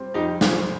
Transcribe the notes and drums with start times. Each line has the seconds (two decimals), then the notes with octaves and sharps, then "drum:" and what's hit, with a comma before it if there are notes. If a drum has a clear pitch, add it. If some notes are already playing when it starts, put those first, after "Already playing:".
Already playing: G3 C4
0.14 F2 D#4 G4
0.41 C4 F4 G#4, drum: snare